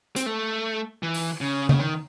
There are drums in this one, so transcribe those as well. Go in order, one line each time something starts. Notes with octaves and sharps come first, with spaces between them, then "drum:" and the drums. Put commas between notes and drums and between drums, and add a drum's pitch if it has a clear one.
C4, drum: hi-hat
A3
E3
drum: open hi-hat
C#3
C#3, drum: tom C#3
D#3